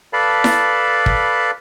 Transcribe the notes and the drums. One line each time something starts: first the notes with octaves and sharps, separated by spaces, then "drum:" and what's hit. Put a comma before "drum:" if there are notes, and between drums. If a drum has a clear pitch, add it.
A4 B4 D5 F5 A5 B5
drum: snare E4
drum: kick